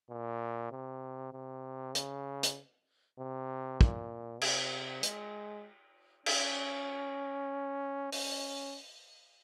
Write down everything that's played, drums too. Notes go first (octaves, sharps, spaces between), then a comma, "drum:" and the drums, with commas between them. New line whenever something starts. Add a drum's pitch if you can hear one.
A#2
C3
C3
C#3, drum: hi-hat
drum: hi-hat
C3
A#2, drum: kick
C3, drum: cymbal
G#3, drum: hi-hat
C#4, drum: cymbal
C#4, drum: open hi-hat